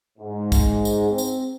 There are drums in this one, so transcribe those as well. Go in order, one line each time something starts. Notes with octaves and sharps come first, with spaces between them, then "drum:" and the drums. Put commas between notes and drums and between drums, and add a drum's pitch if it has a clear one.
G#2
drum: kick, tambourine
drum: tambourine
C4
drum: tambourine